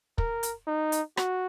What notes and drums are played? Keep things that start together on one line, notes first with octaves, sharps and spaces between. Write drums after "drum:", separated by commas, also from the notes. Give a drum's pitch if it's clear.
A#4, drum: kick
drum: hi-hat
D#4
drum: hi-hat
F#4, drum: rim click